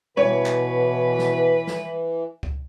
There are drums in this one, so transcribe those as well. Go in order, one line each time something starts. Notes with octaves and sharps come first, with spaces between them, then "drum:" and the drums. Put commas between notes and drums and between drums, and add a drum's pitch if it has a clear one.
B2 E3 B4 C#5, drum: tom G3
drum: clap
drum: snare G#3
drum: snare G#3
drum: kick C#2